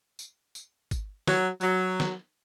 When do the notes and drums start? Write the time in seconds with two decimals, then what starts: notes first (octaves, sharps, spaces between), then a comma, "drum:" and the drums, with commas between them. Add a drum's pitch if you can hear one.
0.19 drum: tambourine
0.55 drum: tambourine
0.91 drum: kick, tambourine
1.27 F#3, drum: snare
1.61 F#3, drum: tambourine
2.00 drum: snare